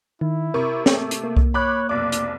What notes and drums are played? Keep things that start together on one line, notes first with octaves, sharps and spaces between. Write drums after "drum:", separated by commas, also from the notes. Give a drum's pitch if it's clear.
D#3 E4
C3 A#4 C#6
A3, drum: snare
drum: hi-hat
A#3
drum: kick C2
C#5 B5 D6 F#6
F1 B1 D5 D6
drum: hi-hat